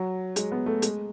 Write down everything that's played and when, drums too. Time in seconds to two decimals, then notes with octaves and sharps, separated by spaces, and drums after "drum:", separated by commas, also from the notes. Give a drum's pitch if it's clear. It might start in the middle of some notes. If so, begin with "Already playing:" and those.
Already playing: F#3
0.36 G#3, drum: hi-hat
0.52 B3
0.66 A3
0.82 G#3, drum: hi-hat